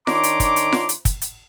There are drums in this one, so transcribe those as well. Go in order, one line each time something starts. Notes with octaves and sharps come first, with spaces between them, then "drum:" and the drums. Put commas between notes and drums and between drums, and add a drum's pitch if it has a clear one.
D#3 D4 C#5 A#5 C6 D6, drum: snare F4
drum: hi-hat
drum: kick, hi-hat
drum: hi-hat
drum: snare F4
drum: hi-hat
drum: kick, hi-hat
drum: hi-hat